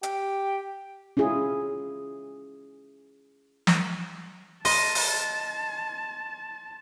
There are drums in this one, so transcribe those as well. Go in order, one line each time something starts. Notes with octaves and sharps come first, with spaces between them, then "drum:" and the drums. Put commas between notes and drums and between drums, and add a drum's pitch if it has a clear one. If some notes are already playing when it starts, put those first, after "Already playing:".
G4, drum: hi-hat
C#4 E4 F4 G#4
drum: snare
D#5 A5 C6, drum: open hi-hat
drum: open hi-hat